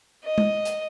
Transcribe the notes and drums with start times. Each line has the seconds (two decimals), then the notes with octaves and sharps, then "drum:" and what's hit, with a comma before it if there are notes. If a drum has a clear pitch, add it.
0.24 D#5
0.38 drum: tom G#3
0.65 drum: hi-hat